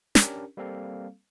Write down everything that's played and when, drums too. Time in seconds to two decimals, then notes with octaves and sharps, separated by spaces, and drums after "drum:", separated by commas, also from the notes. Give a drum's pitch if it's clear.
0.15 C#4 D4 G4 A#4, drum: snare
0.57 G3 A#3 C4 A4 F5